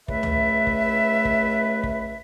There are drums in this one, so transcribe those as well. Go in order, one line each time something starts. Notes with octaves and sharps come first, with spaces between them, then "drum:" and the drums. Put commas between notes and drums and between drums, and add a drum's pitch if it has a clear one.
C#2 A3 B4 E5, drum: kick
drum: tom C#2
drum: kick
drum: kick
drum: kick